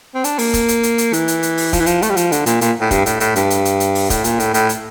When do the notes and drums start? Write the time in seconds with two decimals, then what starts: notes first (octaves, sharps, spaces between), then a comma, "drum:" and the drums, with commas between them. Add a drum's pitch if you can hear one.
0.15 C4
0.24 D4, drum: hi-hat
0.38 A#3, drum: open hi-hat
0.54 drum: kick, hi-hat
0.68 drum: hi-hat
0.83 drum: hi-hat
0.98 drum: hi-hat
1.13 E3, drum: hi-hat
1.28 drum: hi-hat
1.43 drum: hi-hat
1.57 drum: open hi-hat
1.73 F3, drum: kick, hi-hat
1.80 E3
1.86 F3, drum: hi-hat
2.02 A3, drum: hi-hat
2.10 G3
2.17 F3, drum: hi-hat
2.32 D3, drum: hi-hat
2.46 A#2, drum: hi-hat
2.61 A#2, drum: hi-hat
2.81 A2
2.91 G2, drum: kick, hi-hat
3.06 A2, drum: hi-hat
3.20 A2, drum: hi-hat
3.36 G2, drum: hi-hat
3.50 drum: hi-hat
3.65 drum: hi-hat
3.80 drum: hi-hat
3.95 drum: open hi-hat
4.10 A2, drum: kick, hi-hat
4.24 A#2, drum: hi-hat
4.40 A2, drum: hi-hat
4.54 A2, drum: hi-hat
4.69 drum: hi-hat